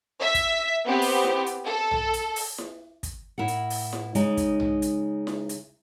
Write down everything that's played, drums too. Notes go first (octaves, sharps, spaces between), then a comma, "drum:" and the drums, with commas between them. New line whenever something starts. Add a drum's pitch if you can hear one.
E5 B6
drum: kick, hi-hat
B3 C4 G4
drum: open hi-hat
drum: snare E4
drum: hi-hat
A4
drum: tom B1
drum: hi-hat
drum: open hi-hat
drum: snare E4
drum: kick, hi-hat
A2 E4 A#4 F#5
drum: hi-hat
drum: open hi-hat
drum: snare E4
C#3 G#3 D#4, drum: hi-hat
drum: kick, hi-hat
drum: tom B1
drum: hi-hat
drum: snare E4
drum: hi-hat